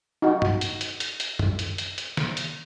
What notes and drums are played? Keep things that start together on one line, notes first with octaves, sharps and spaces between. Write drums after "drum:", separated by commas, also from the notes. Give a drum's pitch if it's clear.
D#4 F#4
drum: tom G2
drum: hi-hat
drum: hi-hat
drum: hi-hat
drum: hi-hat
drum: tom
drum: hi-hat
drum: hi-hat
drum: hi-hat
drum: snare
drum: hi-hat